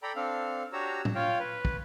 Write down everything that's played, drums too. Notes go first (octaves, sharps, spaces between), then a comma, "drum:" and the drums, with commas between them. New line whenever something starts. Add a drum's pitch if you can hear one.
A4 D5 G5 A#5 B5
C4 D4 A4 F5
D4 F#4 G4 C#5 A#5 E6
drum: tom
F4 C#5 F5 G5
B4
drum: kick